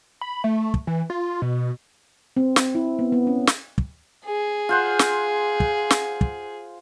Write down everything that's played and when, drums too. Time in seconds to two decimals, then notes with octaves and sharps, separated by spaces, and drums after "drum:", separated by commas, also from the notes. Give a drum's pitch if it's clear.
0.21 B5
0.44 A3
0.74 drum: kick
0.87 E3
1.10 F4
1.42 B2
2.37 C4
2.56 drum: snare
2.75 E4
2.99 B3
3.12 B3
3.27 C#4
3.47 drum: snare
3.78 drum: kick
4.26 G#4
4.69 F4 C5 F#5
4.99 drum: snare
5.60 drum: kick
5.91 drum: snare
6.21 drum: kick